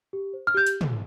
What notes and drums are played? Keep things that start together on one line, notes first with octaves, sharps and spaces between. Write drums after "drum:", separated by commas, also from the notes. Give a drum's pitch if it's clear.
G4
C5
F6
G4 G6
drum: hi-hat
drum: tom